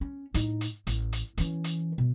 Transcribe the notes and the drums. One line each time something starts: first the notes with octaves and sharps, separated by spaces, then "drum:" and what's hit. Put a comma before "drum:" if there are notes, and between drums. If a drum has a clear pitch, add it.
C#4
A2 D#4, drum: hi-hat
drum: hi-hat
A1, drum: hi-hat
drum: hi-hat
E3 C#4, drum: hi-hat
drum: hi-hat
B2